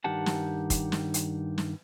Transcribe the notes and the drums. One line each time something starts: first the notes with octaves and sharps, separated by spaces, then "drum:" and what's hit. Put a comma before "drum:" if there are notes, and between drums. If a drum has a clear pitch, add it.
G2 D#3 G4 F#5 A5
drum: snare
drum: kick, hi-hat
drum: snare
drum: hi-hat
drum: snare